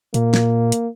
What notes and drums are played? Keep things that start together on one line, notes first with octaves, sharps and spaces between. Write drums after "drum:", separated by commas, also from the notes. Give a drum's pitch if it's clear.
A#2 A#3, drum: hi-hat
drum: snare
drum: hi-hat